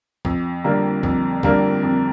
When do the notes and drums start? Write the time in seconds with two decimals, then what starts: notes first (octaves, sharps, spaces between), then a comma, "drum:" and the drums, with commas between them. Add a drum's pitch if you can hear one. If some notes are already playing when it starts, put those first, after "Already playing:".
0.25 F2, drum: kick
0.64 D3 G3 A#3 D4
1.03 F2, drum: kick
1.43 D3 G3 A#3 D4, drum: kick
1.83 F2